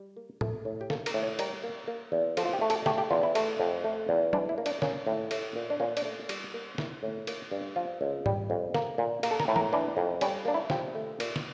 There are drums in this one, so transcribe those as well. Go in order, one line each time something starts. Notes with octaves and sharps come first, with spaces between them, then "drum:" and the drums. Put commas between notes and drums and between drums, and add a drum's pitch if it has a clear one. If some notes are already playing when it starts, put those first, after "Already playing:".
Already playing: G3
A#3
A3, drum: tom
A2
G4
A#3 A4, drum: snare
A#4, drum: cymbal
A2
C#5
G3 A#4, drum: cymbal
A#3
A#3
E2
F3 A4, drum: cymbal
F4
G4
A3
A4, drum: cymbal
A3 G4, drum: snare
G4
E2 F4
E4
A3, drum: cymbal
F2
A3
E2
E3 D4, drum: tom
E4
A#3
D4, drum: cymbal
A#3 C#4, drum: snare
A2
A3, drum: cymbal
A#2
D4
A#2 C#4
D4, drum: cymbal
A3
G3, drum: cymbal
A#3
A#3 E4, drum: snare
A2
A#3, drum: cymbal
G2
F3 F4
C#2
G3, drum: tom G#2
F2
A#3, drum: snare
A#2
A#3, drum: cymbal
A4
A#4, drum: snare
A2
A#4, drum: tom E3
E3 D4
F2
G3 C#4, drum: cymbal
A#3 D4
E4
F3 G4, drum: snare
A3
A#2, drum: cymbal
drum: snare